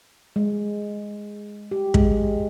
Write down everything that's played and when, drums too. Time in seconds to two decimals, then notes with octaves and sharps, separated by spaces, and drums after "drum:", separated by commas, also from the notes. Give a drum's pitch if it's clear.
0.36 G#3
1.71 G4
1.94 G#3, drum: kick